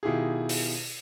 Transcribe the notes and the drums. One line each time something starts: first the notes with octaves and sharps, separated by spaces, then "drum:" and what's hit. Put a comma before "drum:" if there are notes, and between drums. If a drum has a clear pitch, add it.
B2 D#3 E4 F4 G4 G#4
drum: open hi-hat